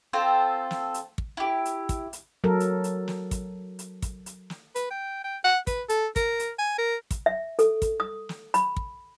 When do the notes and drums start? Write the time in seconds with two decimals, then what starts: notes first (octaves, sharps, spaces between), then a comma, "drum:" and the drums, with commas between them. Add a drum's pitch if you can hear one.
0.13 C4 F4 A4 C5
0.71 drum: snare
0.94 drum: hi-hat
1.18 drum: kick
1.37 E4 G4
1.65 drum: hi-hat
1.89 drum: kick, hi-hat
2.13 drum: hi-hat
2.44 F#3 A4 A#4
2.60 drum: hi-hat
2.84 drum: hi-hat
3.08 drum: snare
3.31 drum: kick, hi-hat
3.79 drum: hi-hat
4.02 drum: kick, hi-hat
4.26 drum: hi-hat
4.50 drum: snare
4.76 B4, drum: hi-hat
4.91 G5
5.24 G5
5.44 F#5
5.67 B4, drum: kick, hi-hat
5.89 A4, drum: hi-hat
6.16 A#4, drum: kick, hi-hat
6.39 drum: hi-hat
6.59 G#5
6.78 A#4
7.11 drum: kick, hi-hat
7.26 E5
7.59 A4, drum: hi-hat
7.82 drum: kick, hi-hat
8.00 D#6
8.29 drum: snare
8.54 B5, drum: hi-hat
8.76 drum: kick